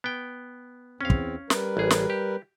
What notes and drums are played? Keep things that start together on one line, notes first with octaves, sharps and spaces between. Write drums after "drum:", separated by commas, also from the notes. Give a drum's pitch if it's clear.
B3 G5
E2 C4 C#4 F5
drum: kick
G3 A#4 B4, drum: snare
A1 G#4
drum: snare
G4